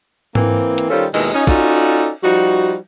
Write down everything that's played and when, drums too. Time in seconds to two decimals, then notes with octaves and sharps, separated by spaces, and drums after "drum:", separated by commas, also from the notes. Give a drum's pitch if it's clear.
0.35 E3 A#3 C4, drum: tom G#2
0.78 drum: hi-hat
0.90 D#3 G3 C#4 F4 A4 C5
1.14 D#2 B2 D#3 G#3 E4, drum: cymbal
1.34 C#4 D#4 F4
1.47 C#4 D#4 F4 F#4 A4 D5, drum: kick
2.24 F3 G3 D#4 F#4